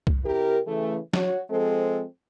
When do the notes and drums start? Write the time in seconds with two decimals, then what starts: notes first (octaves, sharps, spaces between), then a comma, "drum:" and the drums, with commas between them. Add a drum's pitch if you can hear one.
0.07 drum: kick C2
0.25 C3 E4 G4 A#4
0.66 C#3 E3 A3
1.13 F#4 C#5, drum: snare F#3
1.50 F3 G#3 C4 A4